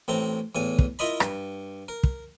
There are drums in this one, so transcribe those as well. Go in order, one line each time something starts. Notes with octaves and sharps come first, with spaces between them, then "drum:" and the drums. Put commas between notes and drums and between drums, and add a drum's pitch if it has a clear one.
A1 A2 C4 A#5
E2 A2 G#5
drum: kick
E4 F4 A#4 D#5 A#5 B5
G2, drum: rim click
A#4
drum: kick